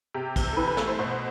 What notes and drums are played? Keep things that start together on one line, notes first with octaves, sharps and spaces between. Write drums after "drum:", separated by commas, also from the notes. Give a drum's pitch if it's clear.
C3 G4
C3, drum: kick, cymbal
A4
E3 B4
B4
A3 A4, drum: snare
C5
B2 C5